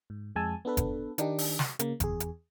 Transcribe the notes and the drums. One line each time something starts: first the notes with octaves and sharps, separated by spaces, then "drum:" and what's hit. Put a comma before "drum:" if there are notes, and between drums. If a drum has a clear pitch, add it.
G#2
F2 G#3 G#5 A5 E6
B3 D4 A4 B4
drum: kick F#1, hi-hat
D#3 D4 D#4 G4, drum: hi-hat
drum: open hi-hat
drum: snare
C#3 A#3, drum: hi-hat
E2 G#4, drum: kick F#1, hi-hat
drum: hi-hat